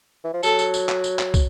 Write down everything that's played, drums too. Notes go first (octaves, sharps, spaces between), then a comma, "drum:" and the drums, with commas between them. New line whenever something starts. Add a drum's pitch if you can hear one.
E3
F3
F#3 A4, drum: tambourine
drum: tambourine
drum: tambourine
drum: clap
drum: tambourine
drum: clap
drum: kick, tambourine